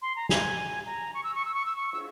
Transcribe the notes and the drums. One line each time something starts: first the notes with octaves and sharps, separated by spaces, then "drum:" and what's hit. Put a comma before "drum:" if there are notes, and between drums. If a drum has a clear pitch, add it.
C6
A#5
G#5, drum: snare
A#5
C#6
E6
C#6
E6
C#6
E6
C#6
E6, drum: cymbal